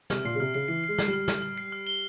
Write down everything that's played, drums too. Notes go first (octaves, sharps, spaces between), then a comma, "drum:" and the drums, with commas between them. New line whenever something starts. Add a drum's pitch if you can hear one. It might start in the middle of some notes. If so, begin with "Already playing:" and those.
C3 F6, drum: snare
A#2 C7
C#3
C3 F6
C#3 C7
E3 C7
G#3 C7
F6, drum: snare
G3
F6
F6, drum: snare
F6
C7
F6
G7